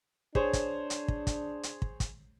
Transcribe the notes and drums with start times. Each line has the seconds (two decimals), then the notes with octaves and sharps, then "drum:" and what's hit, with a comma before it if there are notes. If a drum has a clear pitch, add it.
0.35 D4 G#4 C5 C#5, drum: kick
0.53 drum: kick, hi-hat
0.90 drum: hi-hat
1.08 drum: kick
1.27 drum: kick, hi-hat
1.63 drum: hi-hat
1.82 drum: kick
2.00 drum: kick, hi-hat